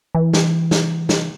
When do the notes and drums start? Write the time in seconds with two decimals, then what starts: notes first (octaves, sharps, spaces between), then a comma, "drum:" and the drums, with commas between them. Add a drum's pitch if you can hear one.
0.15 E3
0.33 drum: snare
0.71 drum: snare
1.09 drum: snare